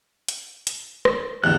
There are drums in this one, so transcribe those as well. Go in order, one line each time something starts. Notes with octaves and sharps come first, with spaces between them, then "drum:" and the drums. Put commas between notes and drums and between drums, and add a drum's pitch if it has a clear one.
drum: hi-hat
drum: hi-hat
drum: rim click
A1 E2 D3 F#6